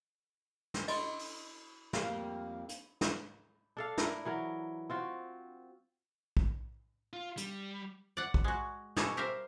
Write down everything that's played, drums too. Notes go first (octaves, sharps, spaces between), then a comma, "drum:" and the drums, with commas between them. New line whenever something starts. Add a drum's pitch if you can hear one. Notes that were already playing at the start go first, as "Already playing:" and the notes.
drum: snare
D#5 B5 C6, drum: cymbal
drum: open hi-hat
F2 G3 A#3, drum: snare
drum: hi-hat
drum: snare
D4 A4 F5
E4 A#4, drum: snare
E3 F#3 A#4
C4 F4 F#4
drum: kick A#1
F4
G3, drum: hi-hat
D5 F#5
drum: kick A#1
G#3 F#4
B2 G3 G#4 A4 C#5 D#5, drum: snare
G4 A#4 C5 E5 F5